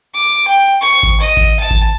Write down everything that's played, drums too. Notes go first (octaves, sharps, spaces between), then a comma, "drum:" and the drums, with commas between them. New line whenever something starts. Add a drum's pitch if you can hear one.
D6
G5
C#6
drum: kick G#1
D#5, drum: open hi-hat
drum: kick G#1
A5
drum: kick G#1